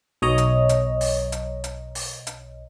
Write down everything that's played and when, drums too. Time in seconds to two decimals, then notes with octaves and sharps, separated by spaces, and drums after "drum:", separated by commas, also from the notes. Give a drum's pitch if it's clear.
0.22 B1 C#5 D#5 A#5
0.38 drum: hi-hat
0.69 drum: hi-hat
1.01 drum: open hi-hat
1.32 drum: hi-hat
1.64 drum: hi-hat
1.95 drum: open hi-hat
2.27 drum: hi-hat